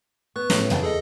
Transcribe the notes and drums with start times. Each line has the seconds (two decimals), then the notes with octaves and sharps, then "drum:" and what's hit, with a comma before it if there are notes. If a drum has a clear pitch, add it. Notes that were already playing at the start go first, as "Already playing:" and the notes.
0.36 B3 C#6 F#6
0.50 A2 G3 B3, drum: snare
0.70 E2 C#3 G5 A5, drum: tom
0.83 G#4 A4 D#5